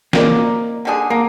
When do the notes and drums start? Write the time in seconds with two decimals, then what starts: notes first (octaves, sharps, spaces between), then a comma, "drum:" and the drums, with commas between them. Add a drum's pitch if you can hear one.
0.13 A#3 C4 D#4 A#4 D5, drum: snare
0.85 D3 G3 D4 G#4
1.10 A#3